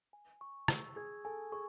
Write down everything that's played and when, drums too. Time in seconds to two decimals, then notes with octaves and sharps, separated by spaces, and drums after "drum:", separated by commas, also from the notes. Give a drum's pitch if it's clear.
0.13 G#5
0.41 C#6
0.68 E6, drum: rim click
0.96 G#4 G#6
1.25 A4 G#5
1.52 G#4 C#6